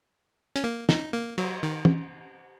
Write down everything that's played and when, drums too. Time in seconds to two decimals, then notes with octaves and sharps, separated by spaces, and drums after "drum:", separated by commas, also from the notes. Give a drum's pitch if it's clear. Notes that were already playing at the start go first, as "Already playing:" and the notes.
0.56 C#4, drum: hi-hat
0.64 A#3
0.89 D#4, drum: snare
1.13 A#3
1.38 F#3, drum: cymbal
1.63 D#3
1.85 drum: tom